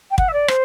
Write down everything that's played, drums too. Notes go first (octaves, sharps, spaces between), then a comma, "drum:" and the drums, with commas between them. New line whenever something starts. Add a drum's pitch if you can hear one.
G5
F#5, drum: kick
E5
D5
C5, drum: rim click